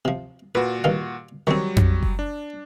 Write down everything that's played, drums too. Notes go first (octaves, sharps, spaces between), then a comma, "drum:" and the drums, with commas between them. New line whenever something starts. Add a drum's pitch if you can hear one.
C3 F3
A#2 F#4 B4
G2 D#3 F5
D#3 F#3 G3 C4 C#6
drum: tom F2
drum: kick F#1
D4